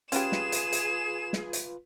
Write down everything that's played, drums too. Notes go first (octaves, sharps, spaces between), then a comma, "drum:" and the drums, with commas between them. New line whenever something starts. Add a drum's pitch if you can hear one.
C#4 F4 G4 G#4 B4 E7, drum: hi-hat
drum: snare
drum: hi-hat
drum: hi-hat
drum: snare
drum: hi-hat